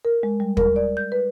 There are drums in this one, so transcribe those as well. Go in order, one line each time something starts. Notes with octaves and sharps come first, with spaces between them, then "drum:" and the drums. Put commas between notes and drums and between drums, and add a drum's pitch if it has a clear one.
A#4
G#3
G3
A#4, drum: kick
D5
G6
B4